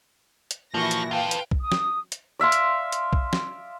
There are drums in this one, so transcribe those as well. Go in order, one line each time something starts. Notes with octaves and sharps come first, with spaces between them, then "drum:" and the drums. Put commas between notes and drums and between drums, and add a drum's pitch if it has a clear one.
drum: hi-hat
A#2 E3 F3 E4 F#4 C#6 A#6
drum: hi-hat
F4 A4 B4 F5 G5
drum: hi-hat
drum: kick B1
D#6
drum: snare
drum: hi-hat
D5 E5 F5 C6
drum: hi-hat
drum: hi-hat
drum: kick B1
drum: snare